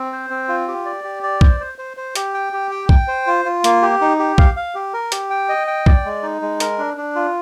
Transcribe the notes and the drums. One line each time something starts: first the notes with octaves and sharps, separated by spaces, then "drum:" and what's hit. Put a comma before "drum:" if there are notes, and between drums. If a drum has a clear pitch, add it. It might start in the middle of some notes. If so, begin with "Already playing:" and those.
Already playing: C4
C5
C4
F4
G4
D5
G4
D5
C5, drum: kick B1
C5
C5
C5
G4, drum: hi-hat
G5
G4
G5
G5, drum: kick B1
C5
F4
F4
A#3, drum: hi-hat
G4
D#4
G4
F5, drum: kick B1
F5
G4
A#4
G4, drum: hi-hat
G5
D#5
G5
D5, drum: kick B1
G#3
D#4
G#3
A#4, drum: hi-hat
D4
D4
F4